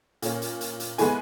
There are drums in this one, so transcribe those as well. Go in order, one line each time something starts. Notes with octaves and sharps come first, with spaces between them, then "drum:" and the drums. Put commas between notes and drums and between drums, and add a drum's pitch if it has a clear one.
A#2 A#3 C#4, drum: hi-hat
drum: hi-hat
drum: hi-hat
drum: hi-hat
E3 G#3 B3 G#5, drum: hi-hat